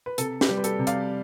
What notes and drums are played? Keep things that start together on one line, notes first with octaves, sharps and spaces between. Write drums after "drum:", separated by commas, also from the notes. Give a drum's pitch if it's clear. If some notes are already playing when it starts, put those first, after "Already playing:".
B4
C3 A4, drum: hi-hat
G4 B4, drum: snare
G3
B4
A4, drum: hi-hat
C3
D5 F5, drum: hi-hat